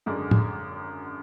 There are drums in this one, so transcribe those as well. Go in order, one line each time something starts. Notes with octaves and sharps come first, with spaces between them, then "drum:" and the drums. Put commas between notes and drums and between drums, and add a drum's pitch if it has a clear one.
G#1 F#2 D3 G#3 D4
drum: tom